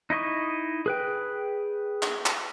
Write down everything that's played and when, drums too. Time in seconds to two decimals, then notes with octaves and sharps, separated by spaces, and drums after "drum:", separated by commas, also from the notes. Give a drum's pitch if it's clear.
0.10 D#4 E4 D#5 C#6
0.86 G#4 B4 G5
2.02 drum: clap
2.26 drum: clap